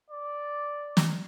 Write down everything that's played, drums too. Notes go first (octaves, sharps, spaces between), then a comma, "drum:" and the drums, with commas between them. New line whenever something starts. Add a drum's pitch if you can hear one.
D5
drum: snare